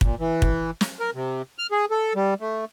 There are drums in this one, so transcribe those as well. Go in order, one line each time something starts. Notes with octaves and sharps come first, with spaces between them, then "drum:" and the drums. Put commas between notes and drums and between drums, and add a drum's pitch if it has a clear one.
A#2, drum: kick
E3
drum: kick
drum: snare
A#4
C3
F6
G#4
A4
G3
A3